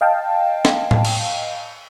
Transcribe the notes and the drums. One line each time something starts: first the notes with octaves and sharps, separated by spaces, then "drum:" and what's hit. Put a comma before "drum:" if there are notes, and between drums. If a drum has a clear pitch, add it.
D#5 F5 G5 A5
drum: snare
drum: tom A2
drum: cymbal